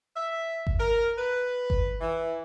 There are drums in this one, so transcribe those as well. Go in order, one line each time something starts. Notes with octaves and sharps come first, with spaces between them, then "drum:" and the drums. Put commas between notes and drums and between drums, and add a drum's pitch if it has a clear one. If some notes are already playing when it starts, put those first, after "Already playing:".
E5
drum: kick G1
A#4
B4
drum: kick G1
E3